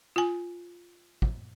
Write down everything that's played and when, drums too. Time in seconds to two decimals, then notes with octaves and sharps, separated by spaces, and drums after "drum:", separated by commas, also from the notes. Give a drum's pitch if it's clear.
0.16 F4 G#5
1.22 drum: kick